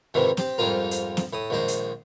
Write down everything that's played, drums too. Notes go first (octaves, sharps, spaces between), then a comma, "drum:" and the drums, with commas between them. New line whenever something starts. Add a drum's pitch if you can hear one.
F2 G#2 C3 D#3 E3
C4 G4, drum: snare
F2 G#2 G3 F4 A#4
drum: hi-hat
drum: snare
A2 D#6
A#1 D#3 G#3 C5
drum: hi-hat